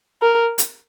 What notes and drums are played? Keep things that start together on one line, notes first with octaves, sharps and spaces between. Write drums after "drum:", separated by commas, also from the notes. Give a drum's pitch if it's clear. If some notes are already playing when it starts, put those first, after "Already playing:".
A#4
drum: hi-hat